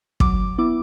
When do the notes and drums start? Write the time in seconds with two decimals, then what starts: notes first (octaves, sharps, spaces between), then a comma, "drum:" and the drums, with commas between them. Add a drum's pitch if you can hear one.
0.20 F#3 D6, drum: kick
0.58 B3 E4 D6